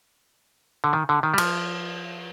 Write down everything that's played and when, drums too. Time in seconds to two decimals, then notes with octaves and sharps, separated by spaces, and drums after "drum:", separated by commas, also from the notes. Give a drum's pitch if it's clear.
0.84 D3
0.93 D#3
1.09 D3
1.23 D#3
1.34 G3
1.38 F3, drum: cymbal